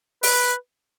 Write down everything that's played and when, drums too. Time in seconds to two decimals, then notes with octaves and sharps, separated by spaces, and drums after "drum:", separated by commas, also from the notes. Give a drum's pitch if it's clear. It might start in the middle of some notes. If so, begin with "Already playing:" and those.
0.23 B4, drum: open hi-hat